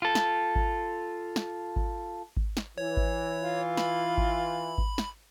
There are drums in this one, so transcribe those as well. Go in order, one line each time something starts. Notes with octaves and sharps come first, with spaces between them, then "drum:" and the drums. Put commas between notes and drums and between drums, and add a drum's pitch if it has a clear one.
F4 A4
drum: snare
drum: kick G#1
drum: snare
drum: kick G#1
drum: kick G#1
drum: snare
E3 C#5
drum: kick G#1
F4
B5, drum: snare
drum: kick G#1
drum: kick G#1
drum: snare